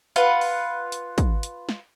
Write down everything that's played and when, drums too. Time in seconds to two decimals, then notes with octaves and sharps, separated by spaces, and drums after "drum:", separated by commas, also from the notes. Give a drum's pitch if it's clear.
0.16 F4 B4 F#5, drum: hi-hat
0.41 drum: open hi-hat
0.92 drum: hi-hat
1.18 drum: kick, hi-hat
1.43 drum: hi-hat
1.69 drum: snare